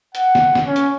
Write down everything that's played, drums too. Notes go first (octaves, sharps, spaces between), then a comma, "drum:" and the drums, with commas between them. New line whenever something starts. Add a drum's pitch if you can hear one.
F#5, drum: hi-hat
drum: snare
drum: snare
C#4
drum: hi-hat